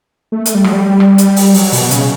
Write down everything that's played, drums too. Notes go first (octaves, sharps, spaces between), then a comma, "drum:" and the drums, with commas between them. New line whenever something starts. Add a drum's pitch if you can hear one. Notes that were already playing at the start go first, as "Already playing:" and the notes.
A3
A3, drum: hi-hat
G3
F#3, drum: rim click
G3
drum: rim click
drum: hi-hat
drum: open hi-hat
F#3, drum: open hi-hat
B2, drum: open hi-hat
C#3, drum: hi-hat